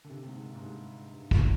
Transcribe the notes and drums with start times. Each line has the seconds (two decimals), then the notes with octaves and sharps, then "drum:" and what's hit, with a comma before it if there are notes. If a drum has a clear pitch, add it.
0.04 D3
0.10 C3
0.27 G#2
0.44 G2
0.55 G#2
0.61 G2
1.13 G2
1.31 drum: kick